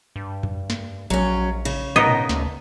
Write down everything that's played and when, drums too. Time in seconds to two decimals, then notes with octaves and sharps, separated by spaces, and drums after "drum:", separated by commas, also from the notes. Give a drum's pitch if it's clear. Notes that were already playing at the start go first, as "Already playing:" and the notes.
0.16 G2
0.43 drum: tom F2
0.70 drum: snare
1.10 A#1 F#3 C#4
1.65 C#3, drum: cymbal
1.96 A2 B3 D#4 A#4 D#5
2.07 drum: tom A#2
2.29 D2, drum: snare